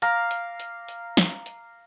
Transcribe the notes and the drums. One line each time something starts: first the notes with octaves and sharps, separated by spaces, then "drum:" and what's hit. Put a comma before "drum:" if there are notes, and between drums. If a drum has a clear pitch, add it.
F5 A#5 D6, drum: hi-hat
drum: hi-hat
drum: hi-hat
drum: hi-hat
drum: snare
drum: hi-hat